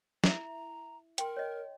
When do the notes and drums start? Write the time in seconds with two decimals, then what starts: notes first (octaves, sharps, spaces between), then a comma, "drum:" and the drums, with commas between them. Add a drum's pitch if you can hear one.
0.24 E4 E5 A#5, drum: snare
1.18 A#4 G5 C6, drum: hi-hat
1.37 C#5 D#5